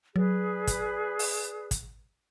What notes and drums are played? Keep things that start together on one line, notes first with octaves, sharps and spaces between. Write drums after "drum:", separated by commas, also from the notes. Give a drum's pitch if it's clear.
F#3 G#4 B4 D5
drum: kick, hi-hat
drum: open hi-hat
drum: kick, hi-hat